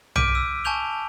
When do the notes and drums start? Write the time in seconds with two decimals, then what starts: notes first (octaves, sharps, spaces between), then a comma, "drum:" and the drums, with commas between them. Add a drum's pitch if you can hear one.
0.16 D6 F6 G6 B6 D7 D#7, drum: tom
0.35 E6
0.64 G#5 A5 C#6 G6 F7 G7